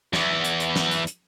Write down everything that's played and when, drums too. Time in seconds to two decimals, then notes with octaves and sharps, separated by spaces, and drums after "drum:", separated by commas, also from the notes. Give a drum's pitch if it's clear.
0.13 E2 E3, drum: snare
0.44 drum: hi-hat
0.60 drum: hi-hat
0.76 drum: snare
0.91 drum: hi-hat
1.07 drum: hi-hat